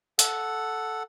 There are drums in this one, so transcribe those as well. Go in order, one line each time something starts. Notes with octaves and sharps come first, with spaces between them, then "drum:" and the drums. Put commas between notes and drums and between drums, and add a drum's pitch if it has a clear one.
A4 F#5, drum: hi-hat